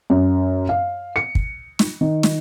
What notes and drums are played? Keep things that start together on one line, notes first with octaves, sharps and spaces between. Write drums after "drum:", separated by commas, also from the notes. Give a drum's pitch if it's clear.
F#2
F5
C#7
drum: kick
drum: snare
D#3
drum: snare